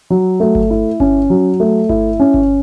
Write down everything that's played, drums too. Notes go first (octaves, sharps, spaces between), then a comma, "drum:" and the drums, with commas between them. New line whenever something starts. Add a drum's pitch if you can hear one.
F#3
A3
drum: kick G1
E4
C#4, drum: kick G1
F#3
A3
E4, drum: kick G1
C#4
drum: kick G1